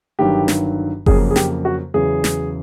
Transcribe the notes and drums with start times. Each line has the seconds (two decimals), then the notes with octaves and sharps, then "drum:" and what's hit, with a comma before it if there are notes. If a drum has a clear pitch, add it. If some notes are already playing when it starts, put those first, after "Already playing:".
0.19 G1 G2 D#3 F#3 G4
0.48 drum: snare
1.06 F2 C#3 F#3 A#3 G#4, drum: kick F#1
1.31 G#4
1.36 G4, drum: snare
1.65 F#4
1.94 E2 C#3 F#3 G#4
2.24 drum: snare